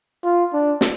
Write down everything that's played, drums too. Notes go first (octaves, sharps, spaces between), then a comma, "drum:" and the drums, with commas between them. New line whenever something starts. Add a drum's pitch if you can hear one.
F4
D4
drum: snare